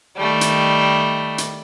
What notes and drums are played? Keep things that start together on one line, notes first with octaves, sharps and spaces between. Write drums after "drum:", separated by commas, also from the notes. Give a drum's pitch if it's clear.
D#3 G3 A3
drum: hi-hat
drum: hi-hat